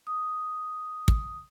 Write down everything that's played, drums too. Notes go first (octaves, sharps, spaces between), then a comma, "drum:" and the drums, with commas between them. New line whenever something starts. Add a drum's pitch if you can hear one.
D#6
drum: kick